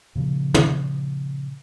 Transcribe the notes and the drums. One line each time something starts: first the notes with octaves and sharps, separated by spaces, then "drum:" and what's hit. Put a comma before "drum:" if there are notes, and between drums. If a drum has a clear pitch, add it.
A#2 C#3 F3
drum: tom